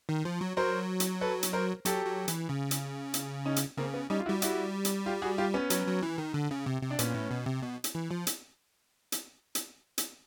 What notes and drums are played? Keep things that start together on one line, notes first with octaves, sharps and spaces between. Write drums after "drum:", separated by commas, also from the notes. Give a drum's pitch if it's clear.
D#3
F3
F#3
F#3 A#4 C5
drum: hi-hat
A4 B4
drum: hi-hat
A#4 C5
F#3 G4 A4, drum: hi-hat
F#3
E3, drum: hi-hat
C#3
drum: hi-hat
drum: hi-hat
C#4 D#4
drum: hi-hat
C#3 A#3 C4
B3
G3 C#4 D#4
F4
E4 F#4
G3
E4 F#4, drum: hi-hat
drum: hi-hat
F4 G4
F#4 G#4
F4 G4
B3 C#4
F#3, drum: hi-hat
F#3
E3
D#3
D3
C#3
C3
C3
D4
A#2 B3 C#4, drum: hi-hat
A2
B2
C3
B2
drum: hi-hat
E3
F3
drum: hi-hat
drum: hi-hat
drum: hi-hat
drum: hi-hat